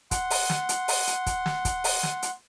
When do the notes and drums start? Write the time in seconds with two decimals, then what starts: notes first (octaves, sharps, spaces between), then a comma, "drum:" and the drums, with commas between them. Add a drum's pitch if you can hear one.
0.11 F#5 C6, drum: kick, hi-hat
0.30 drum: open hi-hat
0.50 drum: snare
0.69 drum: hi-hat
0.88 drum: open hi-hat
1.07 drum: hi-hat
1.26 drum: kick, hi-hat
1.46 drum: snare
1.65 drum: kick, hi-hat
1.84 drum: open hi-hat
2.03 drum: snare
2.22 drum: hi-hat